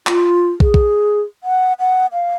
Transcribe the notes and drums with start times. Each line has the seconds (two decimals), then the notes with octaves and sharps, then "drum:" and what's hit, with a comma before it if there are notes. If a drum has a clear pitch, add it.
0.07 F4, drum: clap
0.60 G#4, drum: kick
0.74 drum: kick
1.44 F#5
1.80 F#5
2.13 F5